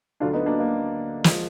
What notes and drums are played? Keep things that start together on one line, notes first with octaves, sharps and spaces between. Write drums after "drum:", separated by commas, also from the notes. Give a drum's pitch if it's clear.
D2 D3 F#3 D4 F4
B3 D#4
A#3 D4
A#3
F3 G#3, drum: snare